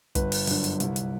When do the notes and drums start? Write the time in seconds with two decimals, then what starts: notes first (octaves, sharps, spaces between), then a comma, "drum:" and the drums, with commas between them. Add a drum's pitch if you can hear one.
0.15 G1 B4, drum: kick, hi-hat
0.32 drum: open hi-hat
0.47 F#2 D3, drum: open hi-hat
0.64 drum: hi-hat
0.80 C2, drum: hi-hat
0.96 drum: hi-hat